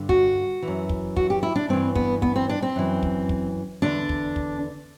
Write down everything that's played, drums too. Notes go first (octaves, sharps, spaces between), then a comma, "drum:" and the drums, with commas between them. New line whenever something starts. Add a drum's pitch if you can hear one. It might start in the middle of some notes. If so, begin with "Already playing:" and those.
Already playing: G2 D3
F#4, drum: kick
E3
F#2
drum: kick
F#4, drum: kick
G4
E4
D4
G2 E3 C4
B3, drum: kick
B3, drum: kick
C4
D4
C4
F#2 E3
drum: kick
drum: kick
E2 D3 D4
drum: kick
drum: kick